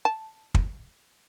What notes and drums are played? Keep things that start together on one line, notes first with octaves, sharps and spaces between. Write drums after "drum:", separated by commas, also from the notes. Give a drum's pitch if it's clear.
A5
drum: kick